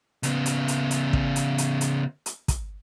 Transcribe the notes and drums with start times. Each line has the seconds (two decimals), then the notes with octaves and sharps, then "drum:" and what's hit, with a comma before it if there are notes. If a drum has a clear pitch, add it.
0.23 C#3 B3, drum: hi-hat
0.46 drum: hi-hat
0.68 drum: hi-hat
0.91 drum: hi-hat
1.13 drum: kick
1.36 drum: hi-hat
1.58 drum: hi-hat
1.81 drum: hi-hat
2.26 drum: hi-hat
2.48 drum: kick, hi-hat